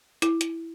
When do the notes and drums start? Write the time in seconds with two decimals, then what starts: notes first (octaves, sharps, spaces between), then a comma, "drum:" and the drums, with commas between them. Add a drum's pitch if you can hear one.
0.22 E4, drum: hi-hat
0.41 drum: hi-hat